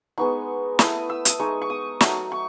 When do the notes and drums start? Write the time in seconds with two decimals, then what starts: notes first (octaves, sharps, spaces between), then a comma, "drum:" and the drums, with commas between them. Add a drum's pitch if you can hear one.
0.18 G#3 B3 D#4 C#6
0.79 A3 E4 D#6, drum: snare
1.10 E6
1.25 D#6, drum: hi-hat
1.39 G#3 D#4 C#6
1.62 C#6
1.70 D#6
2.01 F#3 A3 D#4, drum: snare
2.32 C#6